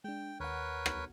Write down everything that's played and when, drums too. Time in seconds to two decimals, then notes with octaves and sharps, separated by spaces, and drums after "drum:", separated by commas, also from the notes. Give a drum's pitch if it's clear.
0.04 G#3 D4 G5
0.40 D#2 A#4 B4 C#5 F#5
0.86 drum: rim click